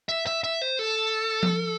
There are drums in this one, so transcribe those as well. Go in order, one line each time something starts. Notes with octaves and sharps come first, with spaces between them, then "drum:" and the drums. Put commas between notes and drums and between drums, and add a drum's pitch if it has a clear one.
E5
E5
E5
C5
A4
drum: tom F3